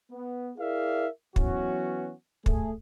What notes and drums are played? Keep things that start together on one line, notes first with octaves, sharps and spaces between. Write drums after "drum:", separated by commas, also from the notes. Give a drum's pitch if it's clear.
B3
E4 G#4 A#4 D5 E5 F5
E3 F#3 B3 C#4 F#4, drum: kick
A3 G#4, drum: kick